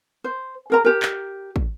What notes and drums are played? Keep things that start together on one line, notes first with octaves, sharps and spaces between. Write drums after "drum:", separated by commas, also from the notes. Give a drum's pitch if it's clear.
C5
G#4 A#4 A#5
G4 A#4
drum: clap
drum: kick